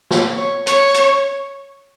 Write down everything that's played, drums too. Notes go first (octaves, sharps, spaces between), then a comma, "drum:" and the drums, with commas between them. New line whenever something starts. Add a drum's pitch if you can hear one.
drum: snare
C#5
C#5, drum: hi-hat
drum: hi-hat